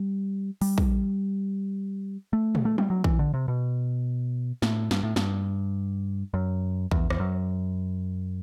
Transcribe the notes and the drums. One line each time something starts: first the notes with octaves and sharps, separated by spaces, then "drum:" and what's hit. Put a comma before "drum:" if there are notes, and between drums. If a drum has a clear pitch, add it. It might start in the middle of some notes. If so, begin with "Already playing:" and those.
Already playing: G3
G3, drum: open hi-hat
drum: kick
A3
drum: tom
A3
G3, drum: tom
F#3
E3, drum: kick
D3
C3
B2
A2, drum: snare
G2, drum: snare
A2
G2, drum: snare
F#2
E2, drum: kick
E2, drum: rim click
F#2